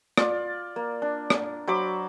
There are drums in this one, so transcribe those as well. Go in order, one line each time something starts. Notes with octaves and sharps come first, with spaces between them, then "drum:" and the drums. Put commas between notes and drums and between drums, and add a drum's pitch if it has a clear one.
F4 D5, drum: rim click
A#3
D4
drum: rim click
F#3 C5 B5 D6